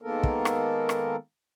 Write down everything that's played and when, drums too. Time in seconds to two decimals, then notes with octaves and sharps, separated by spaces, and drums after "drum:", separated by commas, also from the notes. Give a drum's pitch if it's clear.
0.02 D#3 G#3 A#3 B3 A4 A#4
0.23 drum: kick
0.45 drum: rim click
0.89 drum: rim click